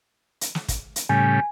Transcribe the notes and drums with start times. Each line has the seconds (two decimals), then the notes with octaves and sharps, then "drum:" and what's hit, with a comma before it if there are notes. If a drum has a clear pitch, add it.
0.41 drum: hi-hat
0.55 drum: snare
0.68 drum: kick, hi-hat
0.96 drum: hi-hat
1.09 A2 C#3 G3 G#5